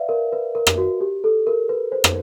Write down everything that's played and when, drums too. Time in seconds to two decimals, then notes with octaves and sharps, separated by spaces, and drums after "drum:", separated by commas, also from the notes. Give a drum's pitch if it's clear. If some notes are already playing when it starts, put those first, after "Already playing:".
Already playing: B4 D5 E5 F5
0.09 A#4
0.32 B4
0.55 A#4
0.67 drum: rim click
0.78 F#4
1.01 G4
1.24 A4
1.47 A#4
1.69 B4
1.92 C5
2.04 drum: rim click